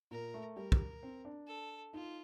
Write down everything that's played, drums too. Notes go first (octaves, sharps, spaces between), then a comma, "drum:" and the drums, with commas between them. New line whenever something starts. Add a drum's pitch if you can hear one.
A#2 A#4
A3
G3 A#4
drum: kick
C4
D4
A4
D#4 F4